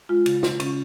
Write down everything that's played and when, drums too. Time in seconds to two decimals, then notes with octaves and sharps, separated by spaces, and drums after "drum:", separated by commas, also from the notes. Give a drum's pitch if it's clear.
0.09 G#3 F4
0.26 C#3, drum: cymbal
0.43 C#3, drum: snare
0.60 C#3 C#4, drum: cymbal